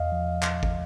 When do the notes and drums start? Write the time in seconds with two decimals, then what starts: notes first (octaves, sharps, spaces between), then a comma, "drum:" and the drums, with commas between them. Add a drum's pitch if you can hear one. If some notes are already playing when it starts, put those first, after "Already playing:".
Already playing: E2 D#5 F5
0.12 F3
0.43 drum: clap
0.63 drum: kick